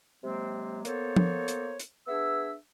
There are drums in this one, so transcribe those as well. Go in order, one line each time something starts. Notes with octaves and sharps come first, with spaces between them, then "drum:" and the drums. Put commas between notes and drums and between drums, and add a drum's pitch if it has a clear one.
C3 F#3 G#3 A#3 C4
A#3 B3 A4 C5 C#5, drum: hi-hat
drum: tom F3
drum: hi-hat
drum: hi-hat
B3 D4 G#4 E5 E6